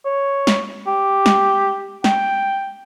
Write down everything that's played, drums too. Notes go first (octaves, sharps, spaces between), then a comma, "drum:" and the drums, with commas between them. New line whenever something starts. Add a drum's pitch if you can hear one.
C#5
drum: snare
G4
drum: snare
G5, drum: snare